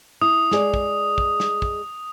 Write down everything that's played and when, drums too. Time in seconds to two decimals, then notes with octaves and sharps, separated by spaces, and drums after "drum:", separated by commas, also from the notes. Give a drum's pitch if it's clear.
0.22 E4 D#6
0.51 G#3 G#4 D5, drum: snare
0.74 drum: kick
1.18 drum: kick
1.40 drum: snare
1.62 drum: kick